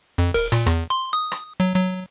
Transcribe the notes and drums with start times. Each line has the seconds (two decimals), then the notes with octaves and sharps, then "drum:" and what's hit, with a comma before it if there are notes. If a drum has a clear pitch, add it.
0.18 F2
0.34 A#4, drum: kick, open hi-hat
0.52 A#2, drum: rim click
0.67 E2, drum: rim click
0.90 C6
1.13 D#6
1.32 drum: rim click
1.60 F#3
1.75 F#3